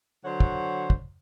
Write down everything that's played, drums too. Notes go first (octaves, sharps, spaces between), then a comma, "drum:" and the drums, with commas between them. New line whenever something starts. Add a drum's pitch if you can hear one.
D3 F#3 C5 C#5 F#5
drum: kick
drum: kick